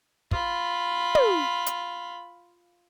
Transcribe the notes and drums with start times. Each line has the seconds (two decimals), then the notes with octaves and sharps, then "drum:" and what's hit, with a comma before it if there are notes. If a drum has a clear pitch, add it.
0.31 F4 B5, drum: kick
1.15 drum: tom
1.66 drum: hi-hat